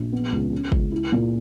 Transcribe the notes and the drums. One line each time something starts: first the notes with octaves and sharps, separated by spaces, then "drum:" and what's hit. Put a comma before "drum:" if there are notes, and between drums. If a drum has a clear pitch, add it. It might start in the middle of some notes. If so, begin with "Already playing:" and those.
Already playing: A#1
B3
C#2
C#4
C#2, drum: kick
E4
A#2